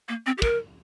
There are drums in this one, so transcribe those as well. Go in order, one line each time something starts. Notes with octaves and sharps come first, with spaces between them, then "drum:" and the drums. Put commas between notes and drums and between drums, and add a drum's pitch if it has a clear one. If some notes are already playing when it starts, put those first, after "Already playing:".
A#3
C4
G4
A#4, drum: kick